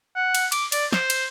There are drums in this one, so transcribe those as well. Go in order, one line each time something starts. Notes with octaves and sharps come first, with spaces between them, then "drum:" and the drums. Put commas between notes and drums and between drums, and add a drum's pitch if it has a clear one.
F#5
drum: cymbal
D6, drum: cymbal
D5, drum: cymbal
C5, drum: snare
drum: cymbal